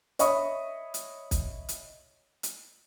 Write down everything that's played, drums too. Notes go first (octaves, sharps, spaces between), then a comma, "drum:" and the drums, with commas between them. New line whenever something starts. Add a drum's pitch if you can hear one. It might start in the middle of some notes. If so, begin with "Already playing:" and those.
C#5 D#5 E5 B5 C#6 D#6, drum: hi-hat
drum: hi-hat
drum: kick, hi-hat
drum: hi-hat
drum: hi-hat